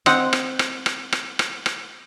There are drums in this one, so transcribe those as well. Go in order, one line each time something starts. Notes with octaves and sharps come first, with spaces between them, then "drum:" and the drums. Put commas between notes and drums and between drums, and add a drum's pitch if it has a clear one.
C4 D#5 F#5, drum: rim click
drum: rim click
drum: rim click
drum: rim click
drum: rim click
drum: rim click
drum: rim click